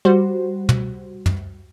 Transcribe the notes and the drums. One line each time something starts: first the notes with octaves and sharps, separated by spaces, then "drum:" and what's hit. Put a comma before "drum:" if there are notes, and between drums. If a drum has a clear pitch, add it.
G3 F#4 C5
drum: tom
drum: tom